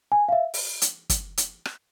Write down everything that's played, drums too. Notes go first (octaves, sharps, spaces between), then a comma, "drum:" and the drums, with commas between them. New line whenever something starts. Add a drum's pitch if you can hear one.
G#5
F5
E5
drum: open hi-hat
drum: hi-hat
drum: kick, hi-hat
drum: hi-hat
drum: rim click